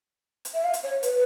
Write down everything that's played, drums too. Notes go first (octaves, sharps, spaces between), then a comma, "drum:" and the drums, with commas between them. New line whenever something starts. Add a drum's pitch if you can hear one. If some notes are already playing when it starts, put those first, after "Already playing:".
drum: hi-hat
E5
F5
drum: hi-hat
C#5
B4, drum: hi-hat